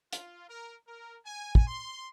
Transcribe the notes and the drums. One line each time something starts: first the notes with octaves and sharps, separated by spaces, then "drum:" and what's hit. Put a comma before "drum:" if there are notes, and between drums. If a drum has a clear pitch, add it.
F4, drum: hi-hat
A#4
A#4
G#5
drum: kick
C6